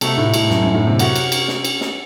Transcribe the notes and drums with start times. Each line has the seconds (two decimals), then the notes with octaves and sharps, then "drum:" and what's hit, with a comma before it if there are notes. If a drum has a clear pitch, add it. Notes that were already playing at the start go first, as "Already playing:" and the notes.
0.01 C3 A3 D#4 F#4 A4, drum: cymbal
0.18 A2
0.34 A2, drum: cymbal
0.50 F#2, drum: snare
0.63 F#2
0.75 A2
0.87 C3
0.99 C#4 F#4 A#4, drum: cymbal
1.16 drum: cymbal
1.32 drum: cymbal
1.48 drum: snare
1.65 drum: cymbal
1.81 drum: snare